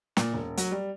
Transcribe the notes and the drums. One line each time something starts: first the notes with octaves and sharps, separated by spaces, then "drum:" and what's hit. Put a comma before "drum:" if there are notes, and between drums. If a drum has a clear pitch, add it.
A#2, drum: snare
E1
F#3, drum: hi-hat
G3